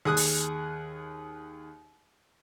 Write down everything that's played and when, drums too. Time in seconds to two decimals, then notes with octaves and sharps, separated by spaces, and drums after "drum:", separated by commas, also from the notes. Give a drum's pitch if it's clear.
0.05 D#2 G#4 D#6 F#6
0.17 drum: open hi-hat